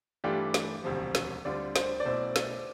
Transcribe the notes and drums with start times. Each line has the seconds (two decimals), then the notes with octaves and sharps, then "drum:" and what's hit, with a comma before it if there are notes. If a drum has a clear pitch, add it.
0.24 G2 E3 A3 D4 F4 G4
0.54 drum: snare
0.84 E1 D2 C3 F3
1.15 drum: snare
1.45 D2 D3 G3 C4 F4 D5
1.76 C5, drum: snare
2.00 D5
2.05 B1 B2 A3 E4 C5
2.36 drum: snare